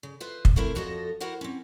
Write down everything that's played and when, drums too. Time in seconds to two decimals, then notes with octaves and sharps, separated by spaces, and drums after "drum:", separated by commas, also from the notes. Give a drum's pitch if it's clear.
0.03 C#3
0.20 F4 B4 C5 E5
0.45 drum: kick
0.56 A3 C4 E4 A#4 C5 E5
0.75 F2 F3 F#4 A4 C#5 D#5
1.20 E4 F#4 A#4 C5 F#5
1.41 C4 C#4